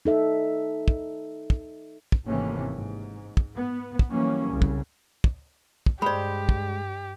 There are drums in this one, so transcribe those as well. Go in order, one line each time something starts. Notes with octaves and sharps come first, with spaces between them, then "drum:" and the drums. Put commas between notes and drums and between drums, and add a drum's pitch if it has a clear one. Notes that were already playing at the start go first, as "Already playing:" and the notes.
D#4 A4 E5
drum: kick
drum: kick
drum: kick
G#1 C3 E3 A3 A#3 C#4
G#2
drum: kick
B3
drum: kick
E3 F#3 G3 A#3 C#4
C2 C#3
drum: kick
drum: kick
drum: kick
G2 G#3 G4 C5 D5 B5
drum: kick